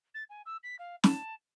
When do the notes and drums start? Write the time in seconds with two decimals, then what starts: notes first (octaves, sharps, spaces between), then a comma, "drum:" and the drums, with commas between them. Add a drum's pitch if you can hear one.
0.14 A6
0.29 G#5
0.46 E6
0.63 B6
0.79 F5
1.04 A5, drum: snare